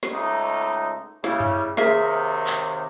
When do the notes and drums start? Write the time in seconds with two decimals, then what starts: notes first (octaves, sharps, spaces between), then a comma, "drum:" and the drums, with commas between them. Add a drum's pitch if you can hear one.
0.03 drum: snare
0.13 C#2 A3 D#4
1.24 C#3 G3 E4, drum: snare
1.40 drum: tom F#2
1.77 D#2 C3 D#3 G#4 A#4 E5, drum: snare
2.47 drum: clap